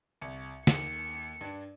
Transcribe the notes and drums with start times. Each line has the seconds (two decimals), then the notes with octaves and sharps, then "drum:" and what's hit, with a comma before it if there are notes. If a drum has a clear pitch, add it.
0.22 C2 C#7
0.67 D#2 C#7, drum: snare
1.41 G2 D4